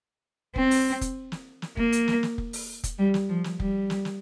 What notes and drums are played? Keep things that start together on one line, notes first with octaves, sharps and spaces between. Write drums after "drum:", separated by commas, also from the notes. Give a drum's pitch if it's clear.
C4, drum: kick F1
drum: open hi-hat
drum: kick F1, hi-hat
drum: snare
drum: snare
A#3, drum: kick F1
drum: hi-hat
drum: snare
drum: snare
drum: kick F1
drum: open hi-hat
drum: kick F1, hi-hat
G3
drum: snare
F3
drum: snare
G3, drum: kick F1
drum: snare
drum: snare